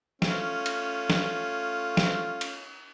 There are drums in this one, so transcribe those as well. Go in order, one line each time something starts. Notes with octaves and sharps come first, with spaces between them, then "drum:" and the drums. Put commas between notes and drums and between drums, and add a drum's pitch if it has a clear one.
A3 C#4 F4, drum: snare
drum: cymbal
drum: snare
drum: snare
drum: cymbal